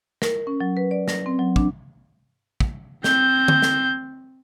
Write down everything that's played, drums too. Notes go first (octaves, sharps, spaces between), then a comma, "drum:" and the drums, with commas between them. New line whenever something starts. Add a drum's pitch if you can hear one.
A#4, drum: snare
C#4
F#3
B4
D5
A#6, drum: snare
C4
F#3
D4, drum: kick
drum: kick
C4 G6, drum: snare
drum: tom
drum: snare